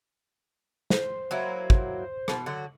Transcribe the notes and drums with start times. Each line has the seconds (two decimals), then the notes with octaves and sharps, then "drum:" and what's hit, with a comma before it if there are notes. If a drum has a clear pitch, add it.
0.90 C5, drum: snare
1.31 F#3 A#3 E4
1.70 drum: kick
2.28 B2, drum: rim click
2.46 D3 F#3 F#4